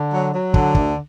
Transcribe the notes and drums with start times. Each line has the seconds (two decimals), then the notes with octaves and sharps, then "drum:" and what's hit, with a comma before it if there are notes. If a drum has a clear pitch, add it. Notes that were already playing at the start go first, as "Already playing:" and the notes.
Already playing: D3
0.13 F#3
0.34 F#3
0.54 D3, drum: kick
0.75 D2, drum: kick